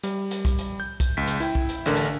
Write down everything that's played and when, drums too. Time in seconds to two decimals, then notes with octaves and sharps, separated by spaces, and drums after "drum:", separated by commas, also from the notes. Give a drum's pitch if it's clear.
0.03 G3, drum: hi-hat
0.31 drum: hi-hat
0.45 drum: kick, hi-hat
0.59 drum: hi-hat
0.80 G6
1.00 drum: kick, hi-hat
1.17 C#2 B6
1.28 drum: hi-hat
1.40 E4 G5, drum: hi-hat
1.55 drum: kick
1.69 drum: hi-hat
1.86 A1 D3 A#4, drum: hi-hat
1.97 drum: hi-hat